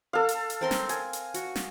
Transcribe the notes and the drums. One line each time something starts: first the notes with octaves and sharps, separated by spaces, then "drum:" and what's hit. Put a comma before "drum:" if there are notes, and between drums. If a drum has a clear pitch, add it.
A4 F5
drum: hi-hat
drum: hi-hat
C4 A#4 C6
drum: snare
G#5, drum: hi-hat
drum: hi-hat
F#4, drum: hi-hat
drum: snare